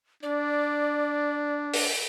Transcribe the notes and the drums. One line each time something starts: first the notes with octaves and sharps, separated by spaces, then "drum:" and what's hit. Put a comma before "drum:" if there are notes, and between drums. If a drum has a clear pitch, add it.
D4 D5
drum: open hi-hat